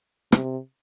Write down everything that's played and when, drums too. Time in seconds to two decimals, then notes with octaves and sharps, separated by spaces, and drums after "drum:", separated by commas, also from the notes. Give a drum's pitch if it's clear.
0.32 C3, drum: rim click